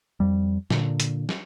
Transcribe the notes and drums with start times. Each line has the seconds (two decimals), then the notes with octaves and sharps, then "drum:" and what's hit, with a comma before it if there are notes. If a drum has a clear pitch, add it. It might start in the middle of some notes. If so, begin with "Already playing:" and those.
0.20 F2 G3
0.70 A#2 D3, drum: snare
1.00 drum: hi-hat
1.29 drum: snare